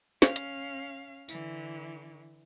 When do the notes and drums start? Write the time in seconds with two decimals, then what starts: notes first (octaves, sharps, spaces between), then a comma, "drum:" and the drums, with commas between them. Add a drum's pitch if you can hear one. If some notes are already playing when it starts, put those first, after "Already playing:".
0.22 C#4 F5, drum: snare
0.36 drum: hi-hat
1.29 D3 E3, drum: tambourine